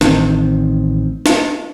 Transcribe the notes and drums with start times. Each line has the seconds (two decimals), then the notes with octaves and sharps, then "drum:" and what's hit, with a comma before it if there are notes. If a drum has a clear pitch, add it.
0.01 A1 D#3 C4, drum: snare
1.26 drum: snare